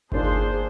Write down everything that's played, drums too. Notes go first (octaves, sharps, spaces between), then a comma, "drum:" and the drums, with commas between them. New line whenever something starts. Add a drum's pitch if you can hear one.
D#3 A#3 D4 F4 G#4 C5, drum: kick G1